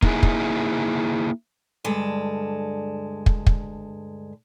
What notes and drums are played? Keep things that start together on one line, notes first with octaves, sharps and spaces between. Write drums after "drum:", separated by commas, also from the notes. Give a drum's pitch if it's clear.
A#3 D#4 E4 G#4, drum: kick
drum: kick
D2 G2 G#3 A4
drum: kick
drum: kick